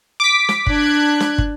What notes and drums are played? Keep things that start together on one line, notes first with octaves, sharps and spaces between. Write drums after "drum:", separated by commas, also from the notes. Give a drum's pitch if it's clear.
D6 B6
drum: snare
D4 F#6 G#6, drum: kick
drum: snare
drum: kick